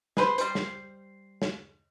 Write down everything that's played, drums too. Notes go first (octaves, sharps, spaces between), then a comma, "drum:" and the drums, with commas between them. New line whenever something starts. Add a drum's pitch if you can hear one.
G#4 B4 C5, drum: snare
G3 C5, drum: hi-hat
drum: snare
drum: snare